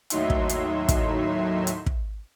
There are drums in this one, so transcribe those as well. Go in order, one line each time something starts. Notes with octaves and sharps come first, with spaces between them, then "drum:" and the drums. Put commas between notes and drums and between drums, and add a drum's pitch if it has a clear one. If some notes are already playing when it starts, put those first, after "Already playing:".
D#2 A2 F#3 D#4 E5 C6, drum: hi-hat
drum: kick
drum: hi-hat
drum: kick, hi-hat
drum: hi-hat
drum: kick